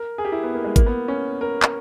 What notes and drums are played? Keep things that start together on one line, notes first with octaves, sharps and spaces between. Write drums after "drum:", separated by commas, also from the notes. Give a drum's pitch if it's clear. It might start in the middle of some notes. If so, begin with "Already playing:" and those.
Already playing: A#4
G#4
G4
E4
B3
A#3
G#3
A#3, drum: kick, hi-hat
B3
C#4
A#4
drum: clap